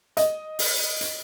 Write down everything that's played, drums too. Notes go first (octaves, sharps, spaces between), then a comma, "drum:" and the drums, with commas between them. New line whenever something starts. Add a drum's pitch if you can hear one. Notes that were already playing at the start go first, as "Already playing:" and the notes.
D#5, drum: hi-hat
drum: open hi-hat
drum: hi-hat